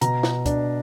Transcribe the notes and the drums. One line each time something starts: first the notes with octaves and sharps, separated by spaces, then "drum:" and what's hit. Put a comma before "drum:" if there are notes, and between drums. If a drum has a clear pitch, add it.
B2 A#5, drum: hi-hat
drum: snare
D4, drum: kick, hi-hat